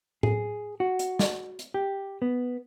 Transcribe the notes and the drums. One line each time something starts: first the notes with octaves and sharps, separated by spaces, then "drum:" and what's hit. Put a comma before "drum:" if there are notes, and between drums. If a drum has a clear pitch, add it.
G#4, drum: tom A2
F#4
drum: hi-hat
drum: snare
drum: hi-hat
G4
B3